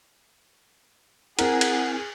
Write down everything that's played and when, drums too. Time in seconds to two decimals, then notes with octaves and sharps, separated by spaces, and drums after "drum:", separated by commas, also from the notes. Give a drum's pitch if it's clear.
1.39 C4 E4 G#4 A#4 F#5, drum: cymbal
1.61 drum: cymbal